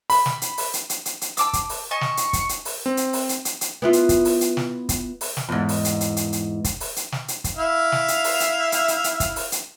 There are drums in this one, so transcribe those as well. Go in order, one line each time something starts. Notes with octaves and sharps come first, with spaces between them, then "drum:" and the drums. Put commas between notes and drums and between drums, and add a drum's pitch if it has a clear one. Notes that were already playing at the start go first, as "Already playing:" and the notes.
B5, drum: open hi-hat
drum: snare
drum: hi-hat
drum: open hi-hat
drum: hi-hat
drum: hi-hat
drum: hi-hat
drum: hi-hat
A5 D6 E6, drum: hi-hat
drum: kick, hi-hat
drum: open hi-hat
D#5 G#5 A5 C#6
drum: snare
drum: hi-hat
drum: kick, hi-hat
drum: hi-hat
drum: open hi-hat
C4
drum: hi-hat
drum: open hi-hat
drum: hi-hat
drum: hi-hat
drum: hi-hat
B3 E4 F4
drum: hi-hat
drum: kick, hi-hat
drum: open hi-hat
drum: hi-hat
drum: snare
drum: kick, hi-hat
drum: open hi-hat
drum: snare
E2 G#2
drum: open hi-hat
drum: hi-hat
drum: hi-hat
drum: hi-hat
drum: hi-hat
drum: kick, hi-hat
drum: open hi-hat
drum: hi-hat
drum: snare
drum: hi-hat
drum: kick, hi-hat
E4 E5 F5
drum: snare
drum: hi-hat
drum: open hi-hat
drum: hi-hat
drum: hi-hat
drum: hi-hat
drum: hi-hat
drum: kick, hi-hat
drum: open hi-hat
drum: hi-hat